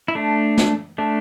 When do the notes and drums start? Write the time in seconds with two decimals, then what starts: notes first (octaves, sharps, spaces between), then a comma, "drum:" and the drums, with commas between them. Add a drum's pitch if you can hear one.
0.08 E4
0.15 A3 D4
0.57 drum: snare
0.98 A3 D4